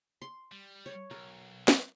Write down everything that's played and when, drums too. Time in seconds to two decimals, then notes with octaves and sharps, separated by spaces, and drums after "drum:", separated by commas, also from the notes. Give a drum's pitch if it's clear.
0.22 C6
0.52 G3
0.86 C#5
1.11 B1 A#4
1.68 drum: snare